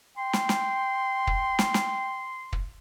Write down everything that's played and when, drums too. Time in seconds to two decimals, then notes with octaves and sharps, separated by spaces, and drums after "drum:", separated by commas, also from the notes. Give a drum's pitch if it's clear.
0.18 G5 C6
0.33 drum: snare
0.49 drum: snare
1.27 drum: kick
1.59 drum: snare
1.74 drum: snare
2.53 drum: kick